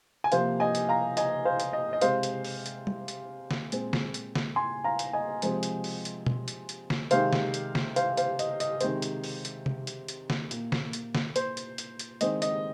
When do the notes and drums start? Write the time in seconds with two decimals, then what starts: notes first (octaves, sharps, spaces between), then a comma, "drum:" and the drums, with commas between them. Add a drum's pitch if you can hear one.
0.24 G#5
0.32 C3 F3 A#3 C5 F5, drum: hi-hat
0.60 D#5 G#5
0.75 drum: hi-hat
0.89 F5 A#5
1.17 D#5 G#5, drum: hi-hat
1.45 C5 F5
1.60 drum: hi-hat
1.73 D#5
1.93 D#5
2.01 C3 G#3 C4 C5 F5, drum: hi-hat
2.23 drum: hi-hat
2.44 drum: open hi-hat
2.66 drum: hi-hat
2.87 drum: tom G3
3.08 drum: hi-hat
3.51 drum: snare
3.72 A#2 G#3 C4, drum: hi-hat
3.93 drum: snare
4.14 drum: hi-hat
4.35 drum: snare
4.56 G#5 C6
4.84 F5 A#5
4.99 drum: hi-hat
5.13 D#5 G#5
5.42 C3 F3 G#3 C4, drum: hi-hat
5.63 drum: hi-hat
5.84 drum: open hi-hat
6.05 drum: hi-hat
6.26 drum: tom B2
6.48 drum: hi-hat
6.69 drum: hi-hat
6.90 drum: snare
7.11 C3 D#3 G#3 C5 F5, drum: hi-hat
7.33 drum: snare
7.54 drum: hi-hat
7.75 drum: snare
7.96 C5 F5, drum: hi-hat
8.17 C5 F5, drum: hi-hat
8.39 D#5, drum: hi-hat
8.60 D#5, drum: hi-hat
8.81 C3 D#3 G#3 C4 C5, drum: hi-hat
9.02 drum: hi-hat
9.24 drum: open hi-hat
9.45 drum: hi-hat
9.66 drum: tom C3
9.87 drum: hi-hat
10.08 drum: hi-hat
10.30 drum: snare
10.51 A#2 A#3, drum: hi-hat
10.72 drum: snare
10.93 drum: hi-hat
11.15 drum: snare
11.36 C5, drum: hi-hat
11.57 drum: hi-hat
11.78 drum: hi-hat
11.99 drum: hi-hat
12.21 D#3 G#3 C4 D#5, drum: hi-hat
12.42 D#5, drum: hi-hat